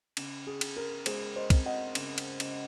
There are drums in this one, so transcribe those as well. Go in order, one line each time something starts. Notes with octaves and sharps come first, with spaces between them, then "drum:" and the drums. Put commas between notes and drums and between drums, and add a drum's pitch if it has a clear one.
C#3, drum: cymbal
G#4
C#3, drum: cymbal
A#4
G#3 G#4 C5, drum: cymbal
C5 D#5
C4, drum: kick, cymbal
D#5 F#5
C#3, drum: cymbal
drum: cymbal
C#3, drum: cymbal